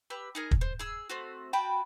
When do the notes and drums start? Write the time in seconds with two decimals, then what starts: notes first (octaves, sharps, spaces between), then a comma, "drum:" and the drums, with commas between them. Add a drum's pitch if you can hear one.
0.10 G4 B4 E6
0.35 D#4 G#4 A#4
0.51 drum: kick
0.61 C5
0.79 G#4 E6
1.09 A3 C4 F#4
1.53 F#4 G5 A5 B5